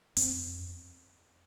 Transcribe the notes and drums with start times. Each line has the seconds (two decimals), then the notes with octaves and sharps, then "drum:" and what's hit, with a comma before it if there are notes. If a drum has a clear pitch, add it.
0.17 F2 C4, drum: hi-hat